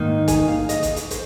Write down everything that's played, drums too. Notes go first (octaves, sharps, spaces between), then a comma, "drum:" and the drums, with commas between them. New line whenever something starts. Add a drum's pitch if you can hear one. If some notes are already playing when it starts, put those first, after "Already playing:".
Already playing: G#2 D#3 A#3 D#4
G#5, drum: kick, hi-hat
F5
D#5, drum: hi-hat
drum: kick, hi-hat
drum: hi-hat
C5, drum: hi-hat